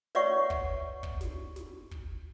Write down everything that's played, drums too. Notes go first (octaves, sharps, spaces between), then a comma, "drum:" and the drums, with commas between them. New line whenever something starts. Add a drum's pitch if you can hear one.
B4 C#5 D5 E5 F#5 C#6, drum: snare
drum: kick
drum: kick
drum: snare
drum: snare
drum: kick